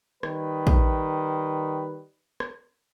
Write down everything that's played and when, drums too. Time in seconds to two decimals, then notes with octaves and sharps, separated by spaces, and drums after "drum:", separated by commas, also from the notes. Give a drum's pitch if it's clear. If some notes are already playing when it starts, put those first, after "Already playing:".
0.23 D#3 G3 B4, drum: rim click
0.67 drum: kick
2.40 drum: rim click